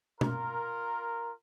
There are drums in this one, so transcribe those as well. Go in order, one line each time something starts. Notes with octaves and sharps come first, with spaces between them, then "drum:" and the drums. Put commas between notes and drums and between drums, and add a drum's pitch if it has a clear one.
F4 A#4, drum: tom B2